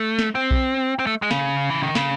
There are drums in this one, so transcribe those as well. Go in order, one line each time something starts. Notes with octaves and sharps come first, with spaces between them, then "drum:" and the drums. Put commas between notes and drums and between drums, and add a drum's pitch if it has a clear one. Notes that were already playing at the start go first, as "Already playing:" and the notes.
Already playing: A3
drum: snare
C4
drum: kick B1
C4
A3
G#3
C#3, drum: snare
E3
D#3
C#3, drum: snare